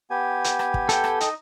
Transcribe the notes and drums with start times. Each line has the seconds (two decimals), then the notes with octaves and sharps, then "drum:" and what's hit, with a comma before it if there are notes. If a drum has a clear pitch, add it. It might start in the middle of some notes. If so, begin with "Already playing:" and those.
0.10 B3 G4 G#5
0.44 drum: hi-hat
0.59 drum: rim click
0.74 drum: kick
0.89 A4 G5, drum: hi-hat
1.04 drum: rim click
1.21 D#4 D#5, drum: hi-hat